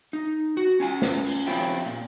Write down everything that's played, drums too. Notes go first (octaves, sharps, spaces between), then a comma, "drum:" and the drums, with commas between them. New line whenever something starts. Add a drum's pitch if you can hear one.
D#4
F#4
C#4 F4 G#5
drum: snare
drum: open hi-hat
F3 C4 C#4 E4 F4 G4
A#2